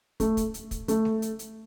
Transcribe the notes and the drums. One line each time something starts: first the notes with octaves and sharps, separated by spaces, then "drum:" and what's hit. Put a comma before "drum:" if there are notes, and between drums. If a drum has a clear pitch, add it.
A3, drum: kick, hi-hat
drum: kick, hi-hat
drum: hi-hat
drum: kick, hi-hat
A3, drum: hi-hat
drum: snare G#3
drum: hi-hat
drum: hi-hat